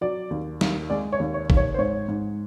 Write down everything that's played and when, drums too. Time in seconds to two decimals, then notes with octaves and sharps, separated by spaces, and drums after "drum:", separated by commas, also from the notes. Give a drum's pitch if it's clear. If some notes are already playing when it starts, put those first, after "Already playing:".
0.01 F#3 D5
0.31 D#2
0.61 D#2, drum: snare
0.90 G#3 D5
1.13 C#5
1.20 D#2
1.34 C#5
1.50 D#2, drum: kick
1.57 C#5
1.74 C5
1.79 G#2 C#5
2.08 G#2